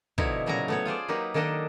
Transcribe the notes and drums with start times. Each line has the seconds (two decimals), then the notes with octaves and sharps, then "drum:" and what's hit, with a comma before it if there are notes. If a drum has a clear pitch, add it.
0.18 B2 D3 F3 D#4 E4 C#5, drum: kick
0.46 A#2 C#3 F#3 A#4 G#5 A#5
0.68 A3 B3 C#5
0.86 F4 G#4 C5 D5
1.08 F#3 A#3 D#4 G4 B4
1.34 D#3 A#3 D4 A4 D#5